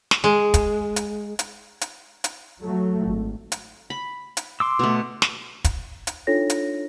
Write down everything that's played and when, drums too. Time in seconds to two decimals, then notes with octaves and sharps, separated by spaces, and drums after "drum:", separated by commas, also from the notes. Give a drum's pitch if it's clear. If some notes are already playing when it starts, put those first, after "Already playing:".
0.11 drum: snare
0.24 G#3
0.54 drum: kick, hi-hat
0.96 drum: hi-hat
1.39 drum: hi-hat
1.81 drum: hi-hat
2.24 drum: hi-hat
2.61 F#3 A3
3.06 G#1
3.52 drum: hi-hat
3.90 B5
4.37 drum: hi-hat
4.60 C6 D6 E6
4.79 B2 A3
5.22 drum: snare
5.64 drum: kick, hi-hat
6.07 drum: hi-hat
6.27 D4 D#4 F4 A4 C#5 A#6
6.50 drum: hi-hat